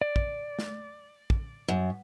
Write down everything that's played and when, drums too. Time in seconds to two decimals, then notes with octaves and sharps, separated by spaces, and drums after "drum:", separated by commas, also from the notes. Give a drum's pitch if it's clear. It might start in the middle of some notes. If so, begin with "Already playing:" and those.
0.01 D5
0.16 drum: kick
0.59 drum: snare
1.30 drum: kick
1.68 F#2